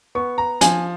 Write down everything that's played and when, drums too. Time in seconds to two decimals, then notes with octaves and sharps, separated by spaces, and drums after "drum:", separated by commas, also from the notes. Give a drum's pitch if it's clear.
0.15 B3 C#6
0.38 A#5
0.61 F3 G#5, drum: hi-hat